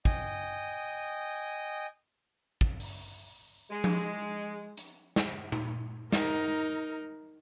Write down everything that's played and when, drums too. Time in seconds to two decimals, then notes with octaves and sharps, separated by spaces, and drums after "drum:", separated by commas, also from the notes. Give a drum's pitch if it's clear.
0.05 D#5 G5 G#5 D#6, drum: kick
2.61 drum: kick
2.80 drum: open hi-hat
3.70 G#3
3.84 drum: tom F3
4.78 drum: hi-hat
5.16 drum: snare
5.52 drum: tom A#2
6.12 D#4 A#4, drum: snare